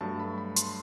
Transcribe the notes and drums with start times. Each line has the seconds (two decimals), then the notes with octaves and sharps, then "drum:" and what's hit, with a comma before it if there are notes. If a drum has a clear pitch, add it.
0.01 G2 F#3 A3 A5
0.19 B5
0.38 B5
0.56 C6, drum: hi-hat